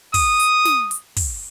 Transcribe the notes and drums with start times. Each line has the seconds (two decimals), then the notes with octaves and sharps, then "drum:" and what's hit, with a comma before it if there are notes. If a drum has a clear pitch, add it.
0.14 D#6, drum: kick, open hi-hat
0.40 drum: hi-hat
0.65 drum: snare
0.91 drum: hi-hat
1.16 drum: kick, open hi-hat